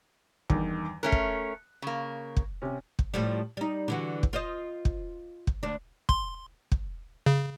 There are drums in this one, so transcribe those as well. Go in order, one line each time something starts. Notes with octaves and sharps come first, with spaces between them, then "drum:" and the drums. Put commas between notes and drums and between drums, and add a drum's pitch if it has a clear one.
E2 G2 D#3, drum: kick
A3 C#4 A#4 F#6
drum: kick
C#3 A#3
drum: kick
C3 C#4
drum: kick
A2 F3 G3
G3 D#4
D3 E3 F#4
drum: kick
F4 C5 D#5
drum: kick
drum: kick
D2 D4
C6, drum: kick
drum: kick
C#3